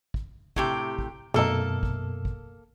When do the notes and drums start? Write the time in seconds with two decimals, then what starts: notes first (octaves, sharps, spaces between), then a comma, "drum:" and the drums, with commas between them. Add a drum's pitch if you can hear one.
0.14 drum: kick
0.56 A2 C3 G4, drum: kick
0.98 drum: kick
1.34 F#2 B2 A3 A#3 D#4 A4
1.83 drum: kick
2.25 drum: kick